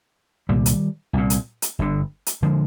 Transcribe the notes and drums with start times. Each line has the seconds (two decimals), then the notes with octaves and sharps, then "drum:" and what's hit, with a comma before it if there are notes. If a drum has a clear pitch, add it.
0.49 C2 A#2 D#3 G3
0.66 drum: hi-hat
1.13 C2 A#2
1.30 drum: hi-hat
1.62 drum: hi-hat
1.79 G1 G2 D3
2.26 drum: hi-hat
2.42 D3 F3 G#3